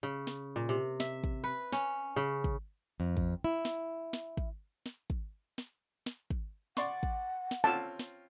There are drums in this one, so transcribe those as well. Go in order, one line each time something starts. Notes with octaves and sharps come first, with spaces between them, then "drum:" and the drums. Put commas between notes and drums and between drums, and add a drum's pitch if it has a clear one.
C#3
drum: snare
A#2
C3
E5, drum: snare
drum: kick
B4
C#4, drum: snare
C#3
drum: kick
F2
drum: kick
E4
drum: snare
drum: snare
drum: kick
drum: snare
drum: kick
drum: snare
drum: snare
drum: kick
D5 F#5 C6 C#6, drum: snare
drum: kick
drum: snare
C4 C#4 F4 A5
drum: snare